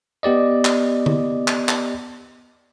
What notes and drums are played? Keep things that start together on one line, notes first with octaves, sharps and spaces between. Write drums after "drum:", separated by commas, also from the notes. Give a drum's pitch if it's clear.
B3 G4 D5 D#5
drum: clap
drum: tom D3
drum: clap
drum: clap